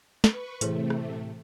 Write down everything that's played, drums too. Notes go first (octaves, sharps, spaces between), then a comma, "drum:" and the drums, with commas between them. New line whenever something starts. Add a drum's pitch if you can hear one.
B4 C#6, drum: snare
A2 C3 E3 A3 G#4 C5, drum: hi-hat
drum: rim click